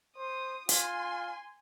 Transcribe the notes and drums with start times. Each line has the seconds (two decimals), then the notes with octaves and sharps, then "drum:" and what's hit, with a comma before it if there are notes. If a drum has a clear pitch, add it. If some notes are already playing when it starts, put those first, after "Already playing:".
0.17 C5 D#6
0.69 F4 G#5 C6, drum: hi-hat